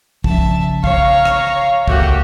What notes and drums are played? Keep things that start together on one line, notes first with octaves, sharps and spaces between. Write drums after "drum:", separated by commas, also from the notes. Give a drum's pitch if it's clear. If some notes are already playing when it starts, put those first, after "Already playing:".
C#3 F3 E5 A5, drum: kick
C#5 F5 A#5, drum: kick
drum: rim click
C#2 A3 A#3 F#4 G4, drum: kick